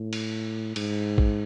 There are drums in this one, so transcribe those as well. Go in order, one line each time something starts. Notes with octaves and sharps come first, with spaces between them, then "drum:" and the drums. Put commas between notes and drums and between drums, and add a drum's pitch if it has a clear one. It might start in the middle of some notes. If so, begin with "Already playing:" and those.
Already playing: A2
drum: cymbal
G#2, drum: cymbal
drum: kick A#1